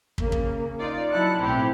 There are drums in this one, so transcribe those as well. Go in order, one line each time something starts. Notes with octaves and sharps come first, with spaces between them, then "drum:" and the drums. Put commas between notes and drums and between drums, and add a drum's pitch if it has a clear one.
C#3 A#3, drum: kick
drum: kick
D#4 F4 D5
F#3 E4 A5 F#6 C#7
B1 A2 C4 E4 G4